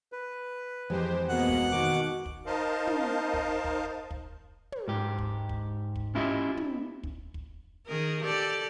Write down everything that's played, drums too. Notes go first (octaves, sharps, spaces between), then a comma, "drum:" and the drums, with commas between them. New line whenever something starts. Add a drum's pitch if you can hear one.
B4
F2 E3 G#3 C4 G4 C5
B2 G#3 A#3 B3 F#5
drum: kick
B2 D#3 D6
drum: kick
D#4 A#4 C5 D#5 F5 A5
drum: tom
drum: kick
drum: kick
drum: kick
drum: tom
G#2 G4
drum: kick
drum: kick
drum: kick
C#4 E4 F4 G4 D#5 E5
drum: tom
drum: kick
drum: kick
D#3 G#4 A#4
G4 A4 D5